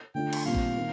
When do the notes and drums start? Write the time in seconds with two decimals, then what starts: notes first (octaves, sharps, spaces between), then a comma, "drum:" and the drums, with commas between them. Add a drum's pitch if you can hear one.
0.15 D3 A3 D4 F4 G5
0.33 drum: cymbal
0.45 A#2 G3 C4 F4 F5
0.55 drum: kick A1
0.77 D#3 A#3